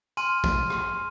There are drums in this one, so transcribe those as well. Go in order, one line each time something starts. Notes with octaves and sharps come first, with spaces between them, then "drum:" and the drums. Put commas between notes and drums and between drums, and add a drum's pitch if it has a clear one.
G#5 C6 F6 D#7, drum: tambourine
drum: kick, tambourine
drum: rim click